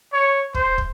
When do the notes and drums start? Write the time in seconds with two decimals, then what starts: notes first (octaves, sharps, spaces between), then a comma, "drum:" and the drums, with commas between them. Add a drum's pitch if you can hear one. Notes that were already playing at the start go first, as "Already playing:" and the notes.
0.13 C#5
0.54 C5, drum: kick
0.78 drum: kick